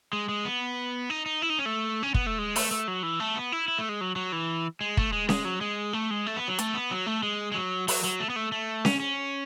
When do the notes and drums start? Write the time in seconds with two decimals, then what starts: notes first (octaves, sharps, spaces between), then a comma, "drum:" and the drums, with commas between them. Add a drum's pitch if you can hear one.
0.13 G#3
0.29 G#3
0.45 B3
1.10 D#4
1.26 D#4
1.42 E4
1.50 D#4
1.59 C#4
1.66 A3
2.03 C#4
2.14 B3, drum: kick
2.27 A3
2.38 G#3
2.56 A3, drum: open hi-hat
2.71 A3
2.88 F#3
3.03 E3
3.20 A3
3.36 B3
3.52 E4
3.68 E4
3.79 A3
3.89 G#3
4.01 F#3
4.16 F#3
4.32 E3
4.81 G#3
4.97 A3, drum: kick
5.13 G#3
5.29 G#3, drum: snare C#4
5.45 F#3
5.61 G#3
5.93 A3
6.11 G#3
6.26 A3
6.36 B3
6.48 F#3
6.59 A3, drum: hi-hat
6.74 B3
6.91 F#3
7.06 A3
7.23 G#3
7.52 G#3
7.55 F#3
7.88 F#3, drum: open hi-hat
8.04 F#3
8.20 A3
8.30 B3
8.36 A3
8.52 A3
8.85 C#4, drum: snare C#4
9.00 C#4